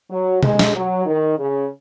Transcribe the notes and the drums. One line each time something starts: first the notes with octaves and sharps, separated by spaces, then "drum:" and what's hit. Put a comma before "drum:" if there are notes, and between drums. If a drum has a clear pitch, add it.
F#3
G#3, drum: tom B2
drum: snare
F#3
D#3
C#3